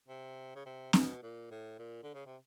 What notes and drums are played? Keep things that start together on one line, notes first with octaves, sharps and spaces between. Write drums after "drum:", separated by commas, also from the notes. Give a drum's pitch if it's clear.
C3
C#3
C3
B2, drum: snare
A#2
A2
A#2
D3
C#3
C3